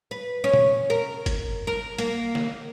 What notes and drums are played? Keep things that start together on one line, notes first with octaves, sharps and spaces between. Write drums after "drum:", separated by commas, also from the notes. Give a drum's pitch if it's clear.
B4
C#4
drum: tom
A#4
drum: kick F#1, hi-hat
A#4
A#3, drum: hi-hat
drum: snare